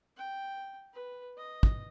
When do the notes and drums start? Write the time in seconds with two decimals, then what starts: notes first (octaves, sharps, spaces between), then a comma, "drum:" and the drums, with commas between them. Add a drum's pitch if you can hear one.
0.17 G5
0.94 B4
1.37 D#5
1.63 drum: kick